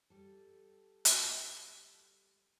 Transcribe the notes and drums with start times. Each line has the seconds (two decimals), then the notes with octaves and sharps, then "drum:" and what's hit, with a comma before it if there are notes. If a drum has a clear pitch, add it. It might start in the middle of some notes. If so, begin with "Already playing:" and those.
0.10 G3 A4
1.05 drum: hi-hat